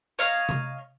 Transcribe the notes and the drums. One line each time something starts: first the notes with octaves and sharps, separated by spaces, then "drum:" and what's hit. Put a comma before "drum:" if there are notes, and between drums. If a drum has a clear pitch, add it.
C#5 D#5 F5 A#5
drum: tom C3